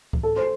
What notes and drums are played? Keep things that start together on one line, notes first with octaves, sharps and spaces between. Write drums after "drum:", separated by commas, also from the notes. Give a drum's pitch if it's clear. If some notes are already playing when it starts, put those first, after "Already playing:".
drum: kick C2
A4
C5